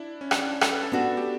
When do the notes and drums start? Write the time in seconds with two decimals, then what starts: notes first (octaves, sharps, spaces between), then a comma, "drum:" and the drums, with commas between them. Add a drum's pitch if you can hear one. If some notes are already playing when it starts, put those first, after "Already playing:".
Already playing: D4 E4
0.21 C#4
0.31 D4, drum: rim click
0.38 C#4
0.46 D4
0.61 A4, drum: rim click
0.72 B4
0.83 A4
0.92 B3 D4 F#4
1.17 G4
1.22 A4